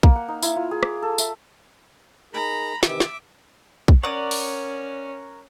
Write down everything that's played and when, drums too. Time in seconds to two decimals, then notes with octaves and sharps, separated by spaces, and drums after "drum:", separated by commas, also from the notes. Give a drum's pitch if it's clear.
0.03 A#3, drum: kick
0.16 F#5
0.28 D#4
0.42 E4, drum: tambourine
0.56 F4
0.71 G#4
0.83 D6, drum: rim click
1.02 A4
1.18 E5, drum: tambourine
2.33 D#4 G#4 A#4 A#5 B5
2.83 C3 D#3 E3 E5 D6, drum: snare
3.00 drum: snare
3.88 drum: kick
4.03 C#4 A#4 C#5 D5 F#5 D#6
4.31 drum: open hi-hat